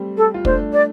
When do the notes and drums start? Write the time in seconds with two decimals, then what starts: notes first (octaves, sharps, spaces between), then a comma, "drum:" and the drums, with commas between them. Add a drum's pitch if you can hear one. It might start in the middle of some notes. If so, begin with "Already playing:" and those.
Already playing: G3 A3 C4
0.17 A4
0.34 F4
0.45 A3 D4 C5, drum: kick
0.72 D5